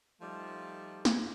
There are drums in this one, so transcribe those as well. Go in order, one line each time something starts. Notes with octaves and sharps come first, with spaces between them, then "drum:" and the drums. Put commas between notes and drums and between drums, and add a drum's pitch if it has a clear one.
F3 G3 A3 D#4
drum: snare